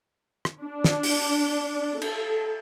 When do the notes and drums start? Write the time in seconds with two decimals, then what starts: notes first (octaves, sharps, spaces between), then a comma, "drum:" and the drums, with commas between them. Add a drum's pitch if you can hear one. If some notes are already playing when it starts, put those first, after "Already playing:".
0.45 drum: rim click
0.63 D4
0.84 drum: snare
1.03 drum: open hi-hat
2.02 A4, drum: cymbal